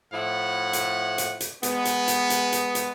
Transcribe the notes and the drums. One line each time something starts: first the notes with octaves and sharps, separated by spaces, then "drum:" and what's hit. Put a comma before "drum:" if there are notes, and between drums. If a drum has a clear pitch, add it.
A2 F3 E4 F#5
drum: hi-hat
drum: hi-hat
drum: hi-hat
G#3 B3, drum: hi-hat
drum: hi-hat
drum: hi-hat
drum: hi-hat
drum: hi-hat
drum: hi-hat